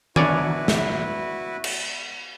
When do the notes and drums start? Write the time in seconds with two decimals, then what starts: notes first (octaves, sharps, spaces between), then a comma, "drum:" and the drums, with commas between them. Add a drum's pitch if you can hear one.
0.16 B3 D4 E4 F#4 B4 C#5 D5 G#5, drum: tom D#3
0.68 drum: snare
1.64 drum: cymbal